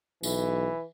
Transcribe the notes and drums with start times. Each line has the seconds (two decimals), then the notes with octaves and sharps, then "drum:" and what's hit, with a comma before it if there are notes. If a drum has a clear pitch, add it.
0.23 B1 E3, drum: tambourine